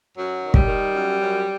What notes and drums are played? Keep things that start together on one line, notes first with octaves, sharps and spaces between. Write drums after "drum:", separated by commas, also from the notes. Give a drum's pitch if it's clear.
F#2 F#3
D#3
G3, drum: kick
D#3
F#2
F#2